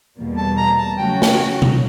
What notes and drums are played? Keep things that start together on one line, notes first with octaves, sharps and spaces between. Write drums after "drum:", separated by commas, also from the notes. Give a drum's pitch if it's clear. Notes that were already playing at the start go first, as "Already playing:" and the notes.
E2 B2 G3 A#3
A5
A#5
A5
C#3 F#3 A3 C#4 F#4 G5
drum: snare
drum: tom B2